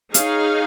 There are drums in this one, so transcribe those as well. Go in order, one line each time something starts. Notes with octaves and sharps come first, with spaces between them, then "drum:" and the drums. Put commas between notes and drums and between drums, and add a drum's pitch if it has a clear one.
D#4 G#4 C#5 F5, drum: hi-hat